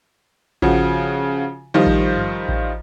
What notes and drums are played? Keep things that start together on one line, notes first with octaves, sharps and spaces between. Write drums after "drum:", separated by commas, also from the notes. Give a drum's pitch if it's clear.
C#3 F3 F#4, drum: kick A1
D#3 F3 G3 F4 C5 D#5
drum: kick A1
drum: tom G2
drum: kick A1